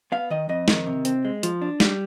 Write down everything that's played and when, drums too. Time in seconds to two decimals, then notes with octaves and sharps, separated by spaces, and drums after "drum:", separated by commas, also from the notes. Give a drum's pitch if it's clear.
0.12 B3 F5
0.30 D#3 D#5
0.49 F2 D#5
0.68 D#3, drum: snare
0.87 C3
1.05 C4, drum: hi-hat
1.25 G#3
1.43 F3, drum: hi-hat
1.62 D4
1.80 G3, drum: snare